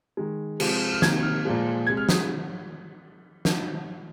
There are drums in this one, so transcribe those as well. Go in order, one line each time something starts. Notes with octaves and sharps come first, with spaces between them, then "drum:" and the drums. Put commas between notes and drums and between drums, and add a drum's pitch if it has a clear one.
D#3 G#3
C3 F3 G#3, drum: cymbal
F6
C3 D#3 A#3 G#6, drum: snare
F6
A#2 F3 G#3
C3 G#3 G#6
F6
D#6, drum: snare
drum: snare